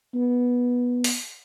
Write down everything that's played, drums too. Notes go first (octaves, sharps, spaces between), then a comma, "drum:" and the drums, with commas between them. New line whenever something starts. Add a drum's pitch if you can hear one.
B3
drum: open hi-hat